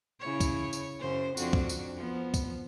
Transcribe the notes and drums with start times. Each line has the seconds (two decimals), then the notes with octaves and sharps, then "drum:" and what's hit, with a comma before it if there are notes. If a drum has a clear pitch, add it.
0.20 C#3 E4 C#5
0.40 drum: kick, tambourine
0.73 drum: tambourine
1.00 F#2 C#3 C5
1.37 F2 D4 F#4, drum: tambourine
1.53 drum: kick
1.69 drum: tambourine
1.96 F3 B3
2.34 drum: kick, tambourine